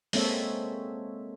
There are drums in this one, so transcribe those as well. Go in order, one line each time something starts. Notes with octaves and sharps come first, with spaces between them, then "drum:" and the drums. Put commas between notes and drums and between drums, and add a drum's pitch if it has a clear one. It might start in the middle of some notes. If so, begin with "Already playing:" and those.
G#3 A#3 C4 A4 C#5 E5, drum: open hi-hat